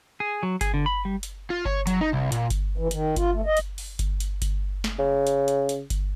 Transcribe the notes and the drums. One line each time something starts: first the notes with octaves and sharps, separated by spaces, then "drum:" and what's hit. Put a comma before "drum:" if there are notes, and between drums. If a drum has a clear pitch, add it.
G#4
F#3
G#4, drum: kick G1, hi-hat
D3
B5
G3
drum: hi-hat
F4
C#5, drum: kick G1
F#3, drum: hi-hat
D#4
C2
A#2, drum: hi-hat
drum: kick G1, hi-hat
E3
D#3, drum: hi-hat
F4, drum: kick G1, hi-hat
A3
D#5
drum: hi-hat
drum: open hi-hat
drum: kick G1, hi-hat
drum: hi-hat
drum: kick G1, hi-hat
drum: snare
C#3
drum: hi-hat
drum: hi-hat
drum: hi-hat
drum: kick G1, hi-hat